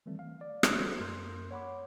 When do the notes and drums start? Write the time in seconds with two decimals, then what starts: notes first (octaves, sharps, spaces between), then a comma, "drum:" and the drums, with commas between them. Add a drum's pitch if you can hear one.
0.06 D#3 E3 G3 A3 C4
0.19 F5
0.41 D5
0.63 drum: rim click
0.76 G3 F#4 A4 C5
1.00 F#2 A#3 A#4 C6 G6
1.51 C#5 F#5 B5 D6